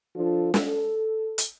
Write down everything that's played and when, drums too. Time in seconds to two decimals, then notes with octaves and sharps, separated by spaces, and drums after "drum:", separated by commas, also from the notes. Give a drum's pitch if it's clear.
0.16 F3 D4 F4 A4
0.54 A4, drum: snare
1.38 drum: hi-hat